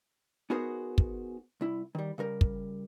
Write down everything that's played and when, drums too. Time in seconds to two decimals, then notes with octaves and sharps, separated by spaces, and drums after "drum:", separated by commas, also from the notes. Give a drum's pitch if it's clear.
0.50 B3 D#4 F#4 G#4 A#4 C5
0.98 drum: kick
1.61 C2 E4
1.95 D#3 G3
2.18 C#3 G3 A#4
2.41 drum: kick